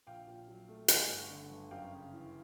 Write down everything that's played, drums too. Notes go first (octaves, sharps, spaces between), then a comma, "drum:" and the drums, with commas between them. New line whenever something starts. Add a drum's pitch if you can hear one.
A#1 F5 G5
A#2
F#3
A3
G1 F#5 G#5, drum: hi-hat
G2
D3
G1
F#2 F5 G5
C#3
E3